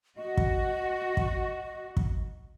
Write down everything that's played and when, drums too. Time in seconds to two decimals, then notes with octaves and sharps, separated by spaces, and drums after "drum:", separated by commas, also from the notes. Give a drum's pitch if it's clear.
0.18 F#4 D#5
0.37 drum: kick
1.17 drum: kick
1.97 drum: kick